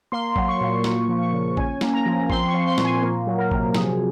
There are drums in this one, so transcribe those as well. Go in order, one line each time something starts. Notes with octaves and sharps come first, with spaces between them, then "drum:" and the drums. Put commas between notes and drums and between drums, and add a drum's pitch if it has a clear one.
A#3 C6
F#3, drum: kick A1
C#6
A#2
A#3 C#6, drum: snare
F3
C#6
C#3
C#4 G#5, drum: kick A1
A#3, drum: snare
A#5
F3
C4 C6, drum: kick A1
C#6
F3
C6
A#2, drum: snare
G#5
A#3
F#3
A#4
C3, drum: kick A1
F3 G#4, drum: snare